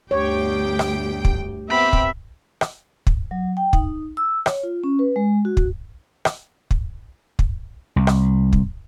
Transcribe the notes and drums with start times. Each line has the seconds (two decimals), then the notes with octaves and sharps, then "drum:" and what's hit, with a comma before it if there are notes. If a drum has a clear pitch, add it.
0.11 G1 D2 G4 C#5 G5
0.79 drum: rim click
1.25 drum: kick
1.70 B3 C4 G4 E5 B5
1.93 drum: kick
2.61 drum: rim click
3.07 drum: kick
3.31 F#3
3.57 G5
3.73 D#4, drum: kick
4.17 E6
4.46 C#5, drum: rim click
4.63 F4
4.84 C#4
4.99 B4
5.16 G#3
5.45 F#4
5.57 drum: kick
6.25 drum: rim click
6.71 drum: kick
7.39 drum: kick
7.96 C2
8.07 drum: rim click
8.53 drum: kick